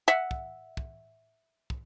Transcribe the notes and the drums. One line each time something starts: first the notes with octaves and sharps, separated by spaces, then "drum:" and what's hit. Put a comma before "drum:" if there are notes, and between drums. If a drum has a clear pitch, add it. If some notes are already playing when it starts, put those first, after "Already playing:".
E5 F#5
drum: kick
drum: kick
drum: kick